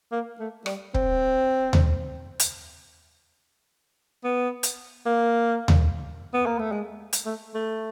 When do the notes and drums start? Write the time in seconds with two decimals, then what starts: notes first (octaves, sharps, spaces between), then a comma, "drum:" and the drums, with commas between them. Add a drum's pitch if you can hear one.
0.12 A#3
0.39 A3
0.66 G3, drum: rim click
0.94 C4, drum: kick
1.73 drum: tom D#2
2.39 drum: hi-hat
4.24 B3
4.63 drum: hi-hat
5.06 A#3
5.68 drum: tom D#2
6.34 B3
6.46 A#3
6.59 A3
6.72 G#3
7.13 drum: hi-hat
7.26 A3
7.54 A3